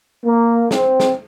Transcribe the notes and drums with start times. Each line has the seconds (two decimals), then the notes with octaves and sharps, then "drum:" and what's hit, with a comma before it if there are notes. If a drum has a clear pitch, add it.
0.25 A#3
0.71 C4, drum: snare
1.00 drum: snare